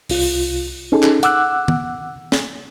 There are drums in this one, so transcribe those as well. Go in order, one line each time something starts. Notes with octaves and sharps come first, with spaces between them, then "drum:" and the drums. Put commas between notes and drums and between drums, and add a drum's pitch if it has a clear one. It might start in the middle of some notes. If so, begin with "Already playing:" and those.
C2 F4, drum: open hi-hat
C#4 D#4 G#4 A4
drum: clap
F#5 D6 E6 F#6, drum: hi-hat
drum: tom
drum: snare